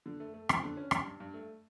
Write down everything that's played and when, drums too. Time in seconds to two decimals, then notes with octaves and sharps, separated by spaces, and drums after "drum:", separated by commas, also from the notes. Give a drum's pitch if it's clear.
0.06 D3
0.20 A3
0.34 A3
0.49 F2, drum: rim click
0.63 D3
0.77 C#4
0.91 G2, drum: rim click
1.06 G2
1.20 G2
1.34 A3